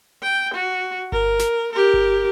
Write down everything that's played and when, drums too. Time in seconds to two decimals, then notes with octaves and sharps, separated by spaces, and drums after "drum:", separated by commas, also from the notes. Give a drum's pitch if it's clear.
0.22 G5
0.54 F#4
1.12 A#4, drum: kick G1
1.39 drum: snare
1.73 G4 A#4
1.94 drum: kick G1